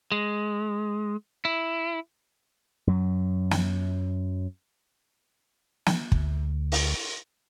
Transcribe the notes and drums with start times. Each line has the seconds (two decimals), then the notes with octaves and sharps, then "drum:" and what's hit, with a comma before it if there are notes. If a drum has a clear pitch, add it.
0.12 G#3
1.45 E4
2.87 F#2 F#3
3.51 drum: snare
5.86 drum: snare
6.12 D2, drum: kick
6.72 drum: open hi-hat